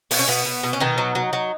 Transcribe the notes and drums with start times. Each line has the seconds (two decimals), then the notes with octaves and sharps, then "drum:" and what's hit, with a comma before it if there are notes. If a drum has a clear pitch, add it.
0.11 B2 B3, drum: open hi-hat
0.19 C#4
0.28 B2 B3
0.45 B2
0.63 B2
0.73 C#4
0.80 B2 D#3 D#4
0.98 F#3
1.15 F#3
1.33 F#3